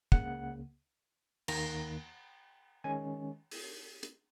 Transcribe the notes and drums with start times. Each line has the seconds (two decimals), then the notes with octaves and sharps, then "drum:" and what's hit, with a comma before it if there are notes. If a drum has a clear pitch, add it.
0.12 C#2 C#3 A#3 F#5, drum: kick
1.48 D#2 D#3 A#3 A#5, drum: cymbal
2.84 D#3 G#3 C#4 G#5
3.51 drum: open hi-hat
4.03 drum: hi-hat